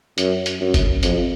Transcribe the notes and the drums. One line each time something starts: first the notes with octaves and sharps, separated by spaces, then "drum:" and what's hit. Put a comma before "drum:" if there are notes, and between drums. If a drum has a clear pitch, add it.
F#2, drum: hi-hat
drum: hi-hat
F#2
drum: kick G1, hi-hat
F2, drum: hi-hat